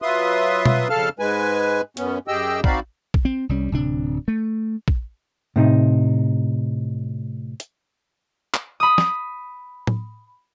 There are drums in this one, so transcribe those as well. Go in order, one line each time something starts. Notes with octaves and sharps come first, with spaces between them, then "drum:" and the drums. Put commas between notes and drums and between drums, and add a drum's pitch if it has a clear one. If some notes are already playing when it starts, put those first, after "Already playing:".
F#3 F4 B4 E5 C6 D#6
drum: tom B2
F2 C#3 A4 F5 A5 F6
G#2 G#3 B4 G#5
F#2 B3 C#4, drum: hi-hat
F#2 G4 G#4 D#5 G5 E6
C4 D#4 F#4 D5 F5 B5, drum: kick
drum: kick
C4
C2 G3 C#4
D1 C3 D4
A3
drum: kick
A2 C3 D#4
drum: hi-hat
drum: clap
B5 D#6
drum: snare
drum: tom A2